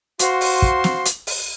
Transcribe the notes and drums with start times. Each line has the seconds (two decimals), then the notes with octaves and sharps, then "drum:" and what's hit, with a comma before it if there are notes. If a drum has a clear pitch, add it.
0.19 F#4 C5 F5 C6, drum: hi-hat
0.41 drum: open hi-hat
0.62 drum: kick
0.84 drum: snare
1.05 drum: hi-hat
1.27 drum: open hi-hat